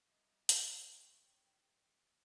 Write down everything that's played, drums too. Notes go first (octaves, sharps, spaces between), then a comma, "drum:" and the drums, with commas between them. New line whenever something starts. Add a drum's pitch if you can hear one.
C2 D#5
drum: hi-hat
C5 C#5 G5